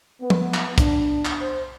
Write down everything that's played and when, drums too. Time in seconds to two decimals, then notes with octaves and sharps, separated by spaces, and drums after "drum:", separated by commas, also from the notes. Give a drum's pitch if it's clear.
0.21 B3
0.30 drum: tom
0.54 drum: clap
0.78 D4, drum: kick, hi-hat
1.25 drum: clap
1.40 C5